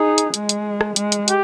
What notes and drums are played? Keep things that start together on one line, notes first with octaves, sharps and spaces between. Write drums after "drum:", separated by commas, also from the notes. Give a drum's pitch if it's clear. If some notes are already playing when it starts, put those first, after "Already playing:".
Already playing: D#4 G#4
drum: hi-hat
G#3, drum: hi-hat
drum: hi-hat
drum: rim click
G#3, drum: hi-hat
drum: hi-hat
G4, drum: hi-hat